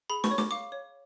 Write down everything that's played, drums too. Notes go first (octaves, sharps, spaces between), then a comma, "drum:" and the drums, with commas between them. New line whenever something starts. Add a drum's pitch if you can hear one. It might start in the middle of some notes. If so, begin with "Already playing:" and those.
G#4 B5
C#6, drum: snare
C#5
D6, drum: snare
F5 D6
C#5